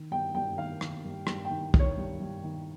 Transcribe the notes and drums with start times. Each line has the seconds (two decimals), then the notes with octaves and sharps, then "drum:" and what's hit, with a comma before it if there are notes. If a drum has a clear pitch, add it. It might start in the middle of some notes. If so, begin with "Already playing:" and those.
Already playing: D#3
0.11 G2 G5
0.35 G2 G5
0.57 D#3 F5
0.81 D#3, drum: rim click
1.04 G2
1.27 G2, drum: rim click
1.45 G5
1.50 D#3
1.74 D#3, drum: kick
1.79 C#5
1.97 G2
2.20 G2
2.43 D#3